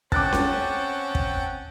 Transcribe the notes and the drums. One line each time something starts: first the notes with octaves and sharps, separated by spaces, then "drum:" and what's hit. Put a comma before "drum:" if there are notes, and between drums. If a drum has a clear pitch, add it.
C4 C#4 F#5 G5 A5 D6 F#6 A6, drum: kick
drum: snare C#4
drum: kick